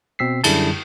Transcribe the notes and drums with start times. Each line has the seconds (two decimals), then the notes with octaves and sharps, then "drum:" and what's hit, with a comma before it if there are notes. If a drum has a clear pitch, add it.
0.19 B2 C4 E6 B6 C7
0.44 F#2 D3 G3 E4 G#4 A5, drum: cymbal